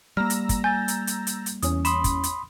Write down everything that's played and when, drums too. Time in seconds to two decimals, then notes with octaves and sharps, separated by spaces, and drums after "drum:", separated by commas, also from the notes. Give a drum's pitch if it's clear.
0.17 G3 A#3 A#5 E6 F6 A#6
0.30 drum: hi-hat
0.49 drum: kick, hi-hat
0.64 G#5 G6 A6
0.88 drum: hi-hat
1.07 drum: hi-hat
1.27 drum: hi-hat
1.46 drum: hi-hat
1.62 E2 C#4 D#6, drum: hi-hat
1.85 B5 C6 D#6 E7, drum: hi-hat
2.04 drum: kick, hi-hat
2.24 drum: hi-hat